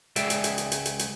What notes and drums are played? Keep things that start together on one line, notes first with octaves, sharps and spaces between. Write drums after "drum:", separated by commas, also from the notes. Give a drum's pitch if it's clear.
C#2 G#3 G#4 D5 E5 G5, drum: hi-hat
drum: hi-hat
drum: hi-hat
drum: hi-hat
drum: hi-hat
drum: hi-hat
drum: hi-hat